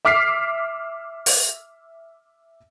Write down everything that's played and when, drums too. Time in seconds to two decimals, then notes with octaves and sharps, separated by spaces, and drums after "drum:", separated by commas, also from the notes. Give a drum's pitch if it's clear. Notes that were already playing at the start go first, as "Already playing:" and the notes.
0.05 E5 D6 F6 B6 C7
1.26 drum: open hi-hat